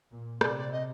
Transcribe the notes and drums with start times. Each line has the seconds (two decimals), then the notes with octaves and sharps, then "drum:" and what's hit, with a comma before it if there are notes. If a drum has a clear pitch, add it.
0.12 A#2
0.41 C3 D5, drum: rim click
0.57 D5
0.71 D#5